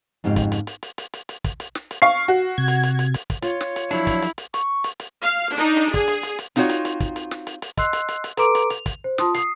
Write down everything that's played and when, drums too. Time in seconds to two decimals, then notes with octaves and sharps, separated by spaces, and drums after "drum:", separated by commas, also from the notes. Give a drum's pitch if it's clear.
0.24 F2 G#2 C#3 G4 G#4 F5
0.36 drum: kick, hi-hat
0.52 drum: hi-hat
0.67 drum: hi-hat
0.83 drum: hi-hat
0.98 drum: hi-hat
1.13 drum: hi-hat
1.29 drum: hi-hat
1.44 drum: kick, hi-hat
1.60 drum: hi-hat
1.75 drum: snare
1.91 drum: hi-hat
2.02 F5 C#6 C7
2.28 F#4
2.58 C3 G#6
2.68 drum: hi-hat
2.83 drum: hi-hat
2.99 drum: hi-hat
3.14 drum: hi-hat
3.30 drum: kick, hi-hat
3.42 F4 C#5, drum: hi-hat
3.61 drum: snare
3.76 drum: hi-hat
3.91 F3 F#3 D4 E4, drum: hi-hat
4.07 drum: kick, hi-hat
4.22 drum: hi-hat
4.38 drum: hi-hat
4.54 C#6, drum: hi-hat
4.84 drum: hi-hat
5.00 drum: hi-hat
5.23 F5
5.53 D4 D#4
5.77 drum: hi-hat
5.94 G#4, drum: kick, hi-hat
6.08 drum: hi-hat
6.23 drum: hi-hat
6.39 drum: hi-hat
6.56 C4 D#4 F4 F#4 C#5, drum: hi-hat
6.69 drum: hi-hat
6.85 drum: hi-hat
7.00 drum: kick, hi-hat
7.16 drum: hi-hat
7.31 drum: snare
7.47 drum: hi-hat
7.62 drum: hi-hat
7.77 D#5 C6 E6 F#6 C7, drum: kick, hi-hat
7.93 drum: hi-hat
8.09 drum: hi-hat
8.24 drum: hi-hat
8.37 A4 B4 A#5 C6 D6 D7, drum: hi-hat
8.55 drum: hi-hat
8.70 F7, drum: hi-hat
8.86 drum: kick, hi-hat
9.04 C5
9.18 F4 A5 C6 D#6, drum: snare
9.34 D#6 C7, drum: hi-hat